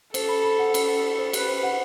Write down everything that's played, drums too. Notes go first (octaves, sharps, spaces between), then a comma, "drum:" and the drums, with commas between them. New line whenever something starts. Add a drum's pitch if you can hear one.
A4 C5, drum: cymbal
B5
B5
F#5
B5, drum: cymbal
F#5
F#5
C5
G4 B4, drum: cymbal
C5
F#5